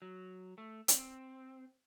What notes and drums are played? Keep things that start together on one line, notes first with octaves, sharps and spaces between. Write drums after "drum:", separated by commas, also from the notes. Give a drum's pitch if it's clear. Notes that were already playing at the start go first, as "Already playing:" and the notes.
F#3
A3
C4, drum: hi-hat